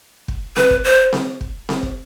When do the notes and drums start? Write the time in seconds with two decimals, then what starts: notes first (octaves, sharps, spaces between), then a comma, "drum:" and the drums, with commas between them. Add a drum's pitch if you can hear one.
0.28 drum: kick
0.57 B4, drum: snare C4
0.70 drum: kick
0.84 C5
1.13 drum: snare C4
1.41 drum: kick
1.69 drum: snare C4
1.83 drum: kick